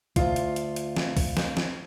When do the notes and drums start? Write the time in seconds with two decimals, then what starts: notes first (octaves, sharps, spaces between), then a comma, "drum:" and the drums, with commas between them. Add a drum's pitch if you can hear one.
0.16 D2 F4, drum: kick, hi-hat
0.36 drum: hi-hat
0.56 drum: hi-hat
0.76 drum: hi-hat
0.97 drum: snare
1.17 drum: kick, open hi-hat
1.37 drum: snare
1.57 drum: snare